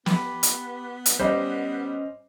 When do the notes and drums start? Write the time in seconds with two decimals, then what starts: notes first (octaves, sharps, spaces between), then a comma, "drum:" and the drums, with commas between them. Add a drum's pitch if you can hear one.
0.06 B3 G4 B4, drum: snare
0.43 drum: hi-hat
1.06 drum: hi-hat
1.19 G3 C#4 C5 D#5